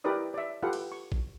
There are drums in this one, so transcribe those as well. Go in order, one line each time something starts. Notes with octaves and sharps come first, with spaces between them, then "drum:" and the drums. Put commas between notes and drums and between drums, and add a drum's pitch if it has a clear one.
E4 G4 A#4 B4 D5 D#6
D5 E5
F4 G4 A4 B4 F5 F#5
drum: cymbal
C#6
drum: kick A1